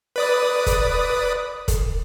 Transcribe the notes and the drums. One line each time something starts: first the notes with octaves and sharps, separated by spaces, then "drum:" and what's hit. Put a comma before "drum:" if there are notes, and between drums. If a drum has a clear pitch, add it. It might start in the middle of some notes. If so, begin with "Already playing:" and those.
B4 D5 D#6
drum: kick, hi-hat
drum: kick, hi-hat